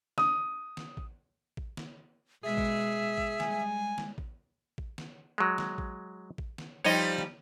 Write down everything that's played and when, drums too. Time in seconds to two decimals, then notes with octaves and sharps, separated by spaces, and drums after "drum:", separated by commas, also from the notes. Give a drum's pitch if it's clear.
0.18 D#6, drum: snare
0.77 drum: snare
0.97 drum: kick A1
1.57 drum: kick A1
1.77 drum: snare
2.44 B2 G#3 G#4 E5
2.58 drum: kick A1
3.18 drum: kick A1
3.40 G3 G#3 G#5, drum: snare
3.98 drum: snare
4.18 drum: kick A1
4.78 drum: kick A1
4.98 drum: snare
5.38 F#3 G#3
5.58 drum: snare
5.78 drum: kick A1
6.38 drum: kick A1
6.58 drum: snare
6.84 F3 G3 D#4 C#5 D#5
7.19 drum: snare